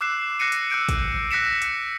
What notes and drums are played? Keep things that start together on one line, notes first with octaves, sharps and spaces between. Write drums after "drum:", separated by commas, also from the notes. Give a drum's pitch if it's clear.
D6 E6 F#6 C7 E7
F#6 A#6 C7 C#7 D#7
drum: hi-hat
E6 F#6 G6 D7
drum: kick, hi-hat
E6 F#6 A#6 B6 C#7 E7
drum: hi-hat